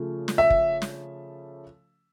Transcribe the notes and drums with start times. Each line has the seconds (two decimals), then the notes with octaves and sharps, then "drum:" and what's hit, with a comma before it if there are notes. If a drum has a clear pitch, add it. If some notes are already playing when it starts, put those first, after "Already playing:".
Already playing: C#3 F3 A3 C#4
0.28 drum: snare
0.38 E5
0.50 drum: kick
0.82 drum: snare